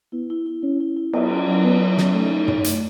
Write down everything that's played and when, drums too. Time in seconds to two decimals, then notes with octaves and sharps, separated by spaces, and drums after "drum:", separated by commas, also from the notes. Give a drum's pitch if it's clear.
0.12 B3 E4
0.30 E4
0.46 E4
0.62 C#4 E4
0.80 E4
0.97 E4
1.13 F#3 B3, drum: cymbal
1.31 C#4
1.47 F#3
1.64 F#3 B3
1.80 F#3
1.98 C#4, drum: snare
2.14 A3 D#4
2.31 D#4
2.48 C#5, drum: tom
2.64 A3, drum: hi-hat